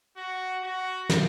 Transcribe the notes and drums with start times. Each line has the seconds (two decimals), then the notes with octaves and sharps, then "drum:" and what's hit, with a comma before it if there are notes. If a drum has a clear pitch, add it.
0.17 F#4
0.64 F#4
1.09 drum: snare